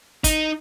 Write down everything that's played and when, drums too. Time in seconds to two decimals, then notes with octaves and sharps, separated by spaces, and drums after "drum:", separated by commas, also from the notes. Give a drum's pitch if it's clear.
0.24 D#4, drum: kick, hi-hat